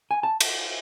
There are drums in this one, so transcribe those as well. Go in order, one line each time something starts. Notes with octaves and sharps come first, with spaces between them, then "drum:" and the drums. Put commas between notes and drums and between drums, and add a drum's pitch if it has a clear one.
G#5
A5
drum: cymbal